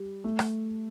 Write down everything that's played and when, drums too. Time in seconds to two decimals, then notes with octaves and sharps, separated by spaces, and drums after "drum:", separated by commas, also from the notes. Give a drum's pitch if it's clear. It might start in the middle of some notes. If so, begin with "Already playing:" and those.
Already playing: G3
0.24 A3
0.39 drum: rim click